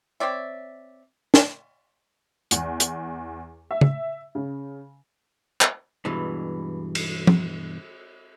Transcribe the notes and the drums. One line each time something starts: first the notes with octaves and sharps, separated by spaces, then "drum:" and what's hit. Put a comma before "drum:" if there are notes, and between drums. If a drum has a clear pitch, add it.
C4 C#5 D5 E5
drum: snare
E2, drum: hi-hat
drum: hi-hat
E5
drum: tom
C#3
drum: clap
G2 B2 E3 G#3
drum: cymbal
drum: tom F3